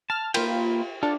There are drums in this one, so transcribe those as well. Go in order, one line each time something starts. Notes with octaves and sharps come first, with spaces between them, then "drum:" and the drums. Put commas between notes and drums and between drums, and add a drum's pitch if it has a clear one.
A5 F6
A#3 F4 B4 G5, drum: cymbal
D4 F4 A4